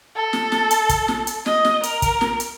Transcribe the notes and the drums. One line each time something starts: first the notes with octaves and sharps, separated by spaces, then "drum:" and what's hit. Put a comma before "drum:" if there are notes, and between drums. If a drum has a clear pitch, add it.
A4
drum: snare
drum: snare
drum: hi-hat
drum: kick, hi-hat
drum: snare
drum: hi-hat
D#5, drum: snare
drum: snare
A#4, drum: hi-hat
drum: kick, hi-hat
drum: snare
drum: hi-hat